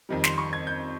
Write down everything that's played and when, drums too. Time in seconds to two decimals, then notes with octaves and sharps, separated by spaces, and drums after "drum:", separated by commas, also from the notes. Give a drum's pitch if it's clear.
0.09 F2 D#3 G3
0.24 C6, drum: snare
0.38 C#6
0.53 G#6
0.67 G6